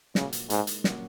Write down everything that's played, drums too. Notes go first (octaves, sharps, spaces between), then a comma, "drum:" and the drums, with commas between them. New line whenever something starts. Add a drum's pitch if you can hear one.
A#2 C#3 A#3 F#4, drum: snare
drum: hi-hat
G#2 G#3 D#4 A#4, drum: hi-hat
drum: hi-hat
A#2 F#3 C#4 F#4 A#4, drum: snare